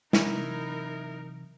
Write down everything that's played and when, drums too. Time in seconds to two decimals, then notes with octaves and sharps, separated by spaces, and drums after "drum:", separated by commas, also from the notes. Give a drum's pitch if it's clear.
0.13 C3 E3 F#3 D#4 E4 A#4, drum: snare